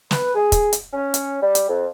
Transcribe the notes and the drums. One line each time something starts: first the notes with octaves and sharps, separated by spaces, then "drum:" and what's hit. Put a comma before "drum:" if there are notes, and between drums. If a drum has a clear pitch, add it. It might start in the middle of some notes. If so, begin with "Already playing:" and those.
B4, drum: snare
G#4
drum: kick, hi-hat
drum: hi-hat
C#4
drum: hi-hat
G3
drum: hi-hat
F2